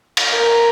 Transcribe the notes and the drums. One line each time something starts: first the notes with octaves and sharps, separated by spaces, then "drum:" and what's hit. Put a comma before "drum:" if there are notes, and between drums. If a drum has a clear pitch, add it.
drum: cymbal
A#4